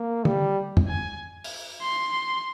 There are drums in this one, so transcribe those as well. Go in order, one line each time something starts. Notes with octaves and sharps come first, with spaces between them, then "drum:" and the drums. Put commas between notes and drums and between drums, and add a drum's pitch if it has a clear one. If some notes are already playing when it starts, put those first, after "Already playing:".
Already playing: A#3
G3, drum: tom
drum: tom
G#5
drum: open hi-hat
C6